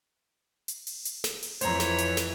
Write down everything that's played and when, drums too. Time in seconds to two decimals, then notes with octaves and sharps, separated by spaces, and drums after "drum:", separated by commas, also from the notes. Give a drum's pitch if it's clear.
0.68 drum: hi-hat
0.87 drum: open hi-hat
1.05 drum: hi-hat
1.24 drum: snare
1.42 drum: open hi-hat
1.61 F2 E3 C5 C#5 A#5, drum: hi-hat
1.80 drum: snare
1.98 drum: hi-hat
2.17 drum: snare